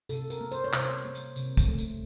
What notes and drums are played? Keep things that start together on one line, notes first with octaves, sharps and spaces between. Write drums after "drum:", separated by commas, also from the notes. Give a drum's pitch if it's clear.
C3 A4, drum: tambourine
A#4, drum: tambourine
A#3
C5, drum: tambourine
C#5
C3 C5, drum: clap
A#3
drum: tambourine
C3, drum: tambourine
drum: kick, tambourine
A3
drum: tambourine